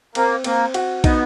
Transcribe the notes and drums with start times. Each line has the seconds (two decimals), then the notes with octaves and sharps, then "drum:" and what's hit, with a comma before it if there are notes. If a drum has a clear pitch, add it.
0.15 A#3 C4, drum: cymbal
0.44 A#3 C4, drum: cymbal
0.74 F#4, drum: cymbal
1.04 B3 D#4, drum: kick, cymbal